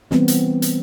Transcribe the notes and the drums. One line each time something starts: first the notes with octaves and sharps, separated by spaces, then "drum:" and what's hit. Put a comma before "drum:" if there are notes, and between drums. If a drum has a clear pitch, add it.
E3 G3 B3 C4, drum: snare
drum: hi-hat
drum: hi-hat